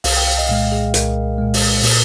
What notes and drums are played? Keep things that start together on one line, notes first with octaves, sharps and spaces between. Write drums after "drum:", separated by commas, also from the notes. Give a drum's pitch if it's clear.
C2 F5, drum: open hi-hat
G5
F5
D#5
A#2 G#3 F5
G#4
C2 A#4, drum: hi-hat
A#2 G#3
drum: open hi-hat
A#2, drum: open hi-hat